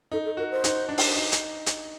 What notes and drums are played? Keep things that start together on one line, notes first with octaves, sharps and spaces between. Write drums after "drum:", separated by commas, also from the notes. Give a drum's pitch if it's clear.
D#4 A4
A4
F#4 A#4
C5
D#4, drum: hi-hat
D4
drum: open hi-hat
D#4
drum: hi-hat
drum: hi-hat